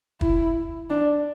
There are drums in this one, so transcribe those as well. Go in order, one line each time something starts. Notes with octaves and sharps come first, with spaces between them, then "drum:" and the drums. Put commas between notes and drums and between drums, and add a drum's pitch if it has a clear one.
E4, drum: kick
D4